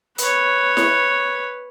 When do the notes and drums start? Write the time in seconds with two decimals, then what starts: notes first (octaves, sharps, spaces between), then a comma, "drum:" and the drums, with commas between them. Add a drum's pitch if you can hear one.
0.18 B4 C#5, drum: hi-hat
0.77 drum: snare E4